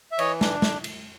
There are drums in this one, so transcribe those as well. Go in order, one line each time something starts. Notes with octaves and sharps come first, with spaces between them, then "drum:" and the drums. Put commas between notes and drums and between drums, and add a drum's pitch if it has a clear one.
E5
E3 C#5 D#5, drum: cymbal
D4, drum: snare
drum: snare
drum: cymbal